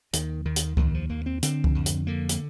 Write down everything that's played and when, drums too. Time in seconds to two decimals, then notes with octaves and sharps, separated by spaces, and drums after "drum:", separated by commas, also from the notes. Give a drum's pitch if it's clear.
0.13 D#2 D#3, drum: hi-hat
0.45 D#2 D#3
0.56 drum: hi-hat
0.77 D#2 D#3, drum: kick C#2
0.94 F3
1.09 D#2 A#3
1.26 C4
1.43 D3 C4, drum: hi-hat
1.64 drum: kick C#2
1.75 F2
1.86 drum: hi-hat
2.07 D3 A#3
2.29 drum: hi-hat